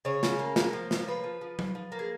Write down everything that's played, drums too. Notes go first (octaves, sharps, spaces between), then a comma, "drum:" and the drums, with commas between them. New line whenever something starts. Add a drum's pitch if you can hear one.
C#3 C#5
C#3, drum: snare
A#3
A#3, drum: snare
F3
A#3, drum: snare
F3 B4
F3
F3
F3, drum: tom F#3
F3
A#3
G#4